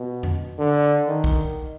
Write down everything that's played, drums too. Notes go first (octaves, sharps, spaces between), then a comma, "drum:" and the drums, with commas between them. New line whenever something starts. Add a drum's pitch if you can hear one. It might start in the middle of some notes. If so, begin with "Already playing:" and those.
Already playing: B2
drum: tom F2
D3
D#3
drum: kick